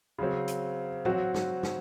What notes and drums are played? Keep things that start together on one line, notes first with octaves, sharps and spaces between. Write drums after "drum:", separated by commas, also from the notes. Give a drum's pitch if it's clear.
C#3 F#3 C4
drum: hi-hat
F#3 C4 F#4, drum: tom A2
drum: snare
drum: snare